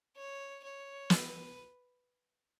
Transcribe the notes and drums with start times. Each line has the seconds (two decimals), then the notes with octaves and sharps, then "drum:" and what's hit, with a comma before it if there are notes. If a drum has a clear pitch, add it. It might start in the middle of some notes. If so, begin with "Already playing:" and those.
0.16 C#5
0.63 C#5
1.10 B4, drum: snare